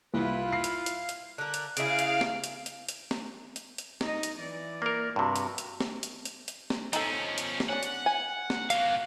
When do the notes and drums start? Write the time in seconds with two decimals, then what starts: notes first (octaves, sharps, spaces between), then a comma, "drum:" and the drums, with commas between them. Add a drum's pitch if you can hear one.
0.14 C2 E4 F4 B4
0.52 F5 C7
0.64 drum: hi-hat
0.86 drum: hi-hat
1.09 drum: hi-hat
1.38 D3 A#4 F#6
1.54 drum: hi-hat
1.77 C#3 E4 G#4 F5 D7, drum: hi-hat
1.99 drum: hi-hat
2.21 drum: snare
2.44 drum: hi-hat
2.66 drum: hi-hat
2.89 drum: hi-hat
3.11 drum: snare
3.56 drum: hi-hat
3.78 drum: hi-hat
4.01 D#4 D#5, drum: snare
4.23 drum: hi-hat
4.40 E3 D5
4.82 A#3 A#4
5.16 G2 C3 F#4
5.36 drum: hi-hat
5.58 drum: hi-hat
5.80 drum: snare
6.03 drum: hi-hat
6.25 drum: hi-hat
6.48 drum: hi-hat
6.70 drum: snare
6.93 F3 C#4 D#4 A4, drum: hi-hat
7.38 drum: hi-hat
7.60 drum: snare
7.69 C#4 D4 F#5
7.83 drum: hi-hat
8.06 G#5
8.50 drum: snare
8.70 A#3 F#4 F5, drum: hi-hat